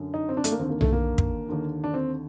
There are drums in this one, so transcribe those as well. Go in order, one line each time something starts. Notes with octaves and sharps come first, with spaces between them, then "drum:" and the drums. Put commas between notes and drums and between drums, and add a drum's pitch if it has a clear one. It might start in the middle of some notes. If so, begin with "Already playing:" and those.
Already playing: F#2 D3
D#4
C4
D4
A3, drum: hi-hat
A#3
D#2 D3 C4
A#3
A3, drum: tom B1
A#3
drum: kick
D#2 D3
D4
C4